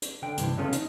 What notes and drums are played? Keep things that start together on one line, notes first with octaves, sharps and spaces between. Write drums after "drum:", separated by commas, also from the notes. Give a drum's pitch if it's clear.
drum: hi-hat
D3 G5
G2 C3 E3, drum: hi-hat
C#3 B3 C#4 F4 G#4 A4
D#4, drum: hi-hat